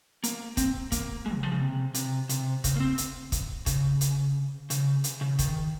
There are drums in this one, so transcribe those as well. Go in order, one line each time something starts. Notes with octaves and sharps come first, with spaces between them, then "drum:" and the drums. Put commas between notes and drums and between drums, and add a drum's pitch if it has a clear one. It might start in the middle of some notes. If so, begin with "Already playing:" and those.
A#3, drum: hi-hat
C4, drum: kick, hi-hat
A#3, drum: kick, hi-hat
G#3
C#3
F3
C#3
C3
C3, drum: hi-hat
C3, drum: hi-hat
C#3, drum: kick, hi-hat
A#3
C4
drum: hi-hat
drum: kick, hi-hat
C#3, drum: kick, hi-hat
drum: hi-hat
C#3, drum: hi-hat
drum: hi-hat
C#3
D#3, drum: kick, hi-hat